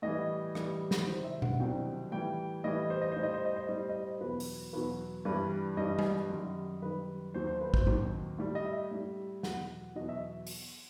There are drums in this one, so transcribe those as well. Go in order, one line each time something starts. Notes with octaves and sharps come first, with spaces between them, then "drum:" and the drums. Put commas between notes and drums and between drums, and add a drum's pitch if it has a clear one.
A2 E3 G3 D#5
A2 E3 G3, drum: rim click
drum: snare
C2 C3 D#3 F#3 C5
E5
F#5, drum: tom B2
C2 C3 D#3 F#3 G5
A2 E3 G3 G5
A2 E3 G3 D#5
C5
D#5
A2 G3 C5
D#5
C5
D#5
C5
A2 G3 D#5
C5
D#5
C5
E2 B2 F#3 B4
drum: open hi-hat
E2 B2 F#3 B4
G2 E3 G3 B4
G2 E3 G3 D#5
drum: tom G3
F#2 D#3 G3
F#2 D#3 G3 B4
D#2 D#3 F#3 C5
C5
B4
C5, drum: kick
D#2 D#3 F#3, drum: tom A2
A2 G3
D#5
E5
A2 G3
E2 B2 F#3 F#5, drum: snare
E2 B2 F#3 D#5
E5
drum: open hi-hat